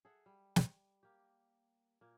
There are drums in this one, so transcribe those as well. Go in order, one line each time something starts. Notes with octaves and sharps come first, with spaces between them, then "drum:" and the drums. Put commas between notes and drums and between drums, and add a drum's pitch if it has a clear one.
G#4 A4 E5 F#5
G3
drum: snare
A#3 G4
A#2 A#3